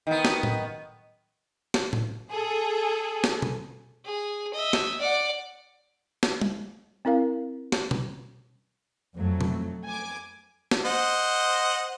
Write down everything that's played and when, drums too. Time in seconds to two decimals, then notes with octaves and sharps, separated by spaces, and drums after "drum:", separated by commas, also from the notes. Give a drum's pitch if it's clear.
0.07 D#3 B3
0.25 drum: snare
0.43 drum: tom A2
1.74 drum: snare
1.93 drum: tom A2
2.30 G#4 A4
3.24 drum: snare
3.42 drum: tom B2
4.05 G#4
4.54 D#5 E5
4.73 drum: snare
5.00 D5 F#5
6.23 drum: snare
6.41 drum: tom G3
7.05 C4 E4 A#4 F5
7.72 drum: snare
7.91 drum: tom B2
9.16 F2 F#3 A3
9.41 drum: tom B2
9.87 G#5 D6
10.71 drum: snare
10.85 C5 D#5 F#5